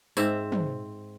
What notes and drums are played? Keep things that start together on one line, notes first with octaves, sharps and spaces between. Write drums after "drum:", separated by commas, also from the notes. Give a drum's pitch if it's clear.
G#2 C4 E5, drum: tambourine
drum: tom